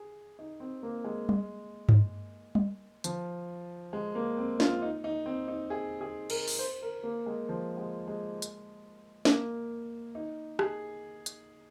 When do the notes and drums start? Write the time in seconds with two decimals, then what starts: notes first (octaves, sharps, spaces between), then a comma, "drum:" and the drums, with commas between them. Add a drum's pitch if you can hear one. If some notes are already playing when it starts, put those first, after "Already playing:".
Already playing: G#4
0.39 D#4
0.60 C4
0.83 A#3
1.04 G#3
1.29 drum: tom G3
1.89 drum: tom G2
2.55 drum: tom G3
3.04 F3, drum: hi-hat
3.93 G#3
4.15 A#3
4.37 C4
4.60 F4, drum: snare
4.82 D#4
5.04 D#4
5.26 C4
5.48 D#4
5.70 G#4
6.01 G#4
6.30 A#4, drum: cymbal
6.48 drum: open hi-hat
6.59 C5
6.82 A#4
7.03 A#3
7.26 G#3
7.49 F3
7.78 G#3
8.08 G#3
8.42 drum: hi-hat
9.25 A#3, drum: snare
10.15 D#4
10.59 G#4, drum: rim click
11.26 drum: hi-hat